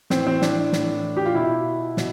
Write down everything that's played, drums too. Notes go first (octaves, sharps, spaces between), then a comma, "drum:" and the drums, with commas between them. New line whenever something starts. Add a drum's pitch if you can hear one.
A2 E3 C4, drum: snare
C4
D4, drum: snare
A2 E3, drum: snare
G4
F4
B2 E4
B2, drum: snare